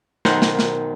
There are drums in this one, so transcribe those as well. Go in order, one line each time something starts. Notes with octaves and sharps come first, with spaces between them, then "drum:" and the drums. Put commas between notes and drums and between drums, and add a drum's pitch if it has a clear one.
B1 D#3 A#4 C5 F#5, drum: snare
drum: snare
drum: snare